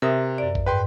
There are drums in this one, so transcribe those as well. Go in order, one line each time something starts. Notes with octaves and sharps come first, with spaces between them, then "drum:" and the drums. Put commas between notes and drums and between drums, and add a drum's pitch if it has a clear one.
C3 A#4 E5 D#6
F#2 D5
drum: kick A1
G#2 B4 G5 C6